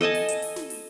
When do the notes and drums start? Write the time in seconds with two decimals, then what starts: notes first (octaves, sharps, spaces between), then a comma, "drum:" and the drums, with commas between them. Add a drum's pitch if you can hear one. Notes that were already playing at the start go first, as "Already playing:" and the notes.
0.01 A4 D#5 G#5 A5
0.15 drum: open hi-hat
0.28 drum: hi-hat
0.42 drum: open hi-hat
0.56 drum: snare
0.70 drum: open hi-hat